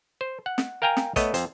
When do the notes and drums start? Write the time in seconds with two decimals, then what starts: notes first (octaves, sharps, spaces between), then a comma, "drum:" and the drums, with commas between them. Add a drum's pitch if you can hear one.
0.21 C5
0.46 F#5
0.58 drum: snare
0.82 A#4 F5 G5 G#5 A#5
0.97 drum: snare
1.16 A3 B3 C#5 D#5, drum: kick, hi-hat
1.34 F2 C5, drum: hi-hat